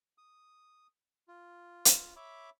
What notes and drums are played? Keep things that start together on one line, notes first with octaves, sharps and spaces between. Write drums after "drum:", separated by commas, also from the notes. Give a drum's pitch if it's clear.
D#6
F4
drum: hi-hat
C#5 E5 B5 D6